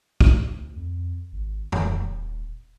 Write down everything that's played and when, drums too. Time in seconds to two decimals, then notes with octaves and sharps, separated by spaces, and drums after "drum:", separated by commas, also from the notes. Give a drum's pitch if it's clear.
0.21 D2, drum: kick
0.76 F2
1.32 G#1
1.72 D#1, drum: tom F2